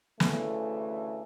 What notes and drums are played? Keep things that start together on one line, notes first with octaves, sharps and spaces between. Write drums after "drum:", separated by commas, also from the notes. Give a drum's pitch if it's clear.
D2 C#3 E3 A3, drum: snare